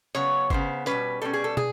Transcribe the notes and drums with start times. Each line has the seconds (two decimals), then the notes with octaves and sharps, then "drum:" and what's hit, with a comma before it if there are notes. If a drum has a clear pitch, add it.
0.15 C#3 F#3 B3 C#5, drum: hi-hat
0.50 C#3 F#3 B3 C5, drum: kick
0.86 B2 G3 A#3 C#4 B4, drum: hi-hat
1.22 B2 G3 A#3 C#4 A4
1.34 G#4
1.44 A4
1.57 G#4, drum: tom